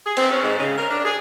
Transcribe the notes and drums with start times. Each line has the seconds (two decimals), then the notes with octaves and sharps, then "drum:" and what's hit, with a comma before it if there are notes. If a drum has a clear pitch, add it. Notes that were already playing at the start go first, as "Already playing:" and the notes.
0.05 G#4
0.17 C4, drum: cymbal
0.31 C#4
0.43 G#2
0.58 C#3
0.76 A#4
0.89 D4
1.04 G#4